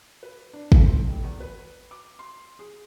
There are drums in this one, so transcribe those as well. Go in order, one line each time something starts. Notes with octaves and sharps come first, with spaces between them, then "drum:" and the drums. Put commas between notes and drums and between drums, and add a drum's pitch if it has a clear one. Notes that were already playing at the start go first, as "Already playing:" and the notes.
B4
D4
drum: kick
C4
F1
E2
B4
D6
C6
G#4